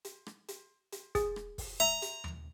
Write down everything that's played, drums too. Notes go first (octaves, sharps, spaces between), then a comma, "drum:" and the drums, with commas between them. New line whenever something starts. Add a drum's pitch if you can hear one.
drum: hi-hat
drum: rim click
drum: hi-hat
drum: hi-hat
G#4, drum: kick, hi-hat
drum: rim click
drum: kick, open hi-hat
E5 A#5, drum: rim click
drum: hi-hat
drum: tom D#2